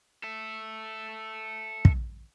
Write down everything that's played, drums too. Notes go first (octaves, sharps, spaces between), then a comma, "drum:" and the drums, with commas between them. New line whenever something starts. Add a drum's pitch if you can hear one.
A4 E5
drum: kick